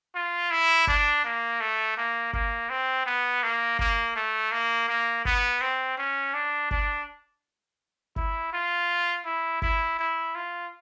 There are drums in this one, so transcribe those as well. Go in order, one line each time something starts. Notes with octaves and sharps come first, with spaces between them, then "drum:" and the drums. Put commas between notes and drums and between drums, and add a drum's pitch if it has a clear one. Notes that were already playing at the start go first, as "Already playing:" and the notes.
F4
E4
D4, drum: kick G#1
A#3
A3
A#3
A#3, drum: kick G#1
C4
B3
A#3
A#3, drum: kick G#1
A3
A#3
A#3
B3, drum: kick G#1
C4
C#4
D4
D4, drum: kick G#1
E4, drum: kick G#1
F4
E4
E4, drum: kick G#1
E4
F4